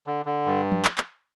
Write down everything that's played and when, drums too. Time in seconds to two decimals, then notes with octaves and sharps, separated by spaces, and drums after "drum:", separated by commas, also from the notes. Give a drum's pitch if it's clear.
0.07 D3
0.26 D3
0.46 G2
0.72 drum: tom F3
0.85 drum: clap
0.98 drum: clap